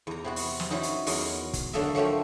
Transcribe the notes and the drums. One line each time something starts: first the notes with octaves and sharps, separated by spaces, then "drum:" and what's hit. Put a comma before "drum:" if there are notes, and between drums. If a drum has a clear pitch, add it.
E2 A#5
C3 B3 F#4
drum: open hi-hat
drum: snare
E3 F#3 C#4 D#4
drum: hi-hat
E2 F#3 A#4 D#5 C6, drum: open hi-hat
drum: kick, hi-hat
D3 F#3 A#3 A4 D#5 E5
F3 F#3 A3 A#3 G4